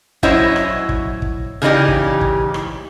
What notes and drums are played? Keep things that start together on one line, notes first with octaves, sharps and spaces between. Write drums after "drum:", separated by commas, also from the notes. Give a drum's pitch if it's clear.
F#3 C#4 E4 C5 C#5 D#5, drum: kick
drum: rim click
drum: kick
drum: kick
C#3 E3 C#4 D#4 G4
drum: kick
drum: kick
drum: rim click